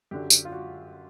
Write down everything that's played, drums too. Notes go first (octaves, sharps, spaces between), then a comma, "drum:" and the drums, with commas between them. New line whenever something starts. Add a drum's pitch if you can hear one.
F#2 D3 F#3 G4
drum: tambourine
F4
F#4